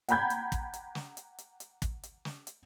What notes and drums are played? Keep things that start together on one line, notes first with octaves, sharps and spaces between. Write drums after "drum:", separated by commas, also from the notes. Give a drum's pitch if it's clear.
F#5 G5 A#5 B5 G6 G#6, drum: hi-hat
drum: hi-hat
drum: kick, hi-hat
drum: hi-hat
drum: snare
drum: hi-hat
drum: hi-hat
drum: hi-hat
drum: kick, hi-hat
drum: hi-hat
drum: snare
drum: hi-hat